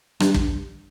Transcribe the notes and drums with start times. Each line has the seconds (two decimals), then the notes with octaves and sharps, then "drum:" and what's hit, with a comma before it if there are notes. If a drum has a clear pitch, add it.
0.20 G2, drum: rim click
0.34 drum: kick